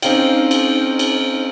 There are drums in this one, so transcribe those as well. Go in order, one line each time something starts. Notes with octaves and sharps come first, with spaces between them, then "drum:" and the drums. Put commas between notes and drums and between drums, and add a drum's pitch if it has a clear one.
C4 C#4 D#4 C5 F5 G5, drum: cymbal
drum: cymbal
drum: cymbal